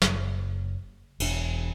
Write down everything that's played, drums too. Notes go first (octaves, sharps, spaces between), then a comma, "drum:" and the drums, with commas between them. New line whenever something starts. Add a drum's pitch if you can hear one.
F#1, drum: snare
E1 D4, drum: cymbal